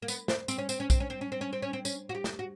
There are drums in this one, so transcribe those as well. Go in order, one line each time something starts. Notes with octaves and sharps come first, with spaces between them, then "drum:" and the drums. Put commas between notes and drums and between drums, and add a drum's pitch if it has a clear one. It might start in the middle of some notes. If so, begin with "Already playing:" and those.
A#3
B3, drum: tambourine
C4, drum: snare
C4, drum: tambourine
C#4
C4, drum: tambourine
C#4
C4, drum: kick B1, tambourine
C#4
C4
C#4
C4
C#4
C4
C#4
C4
C#4, drum: tambourine
F#4
G4
drum: snare
F#4